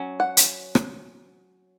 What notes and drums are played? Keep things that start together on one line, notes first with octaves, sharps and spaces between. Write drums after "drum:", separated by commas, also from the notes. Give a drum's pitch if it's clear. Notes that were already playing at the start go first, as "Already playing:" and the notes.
Already playing: F#3 C#4
F#5
drum: hi-hat
drum: rim click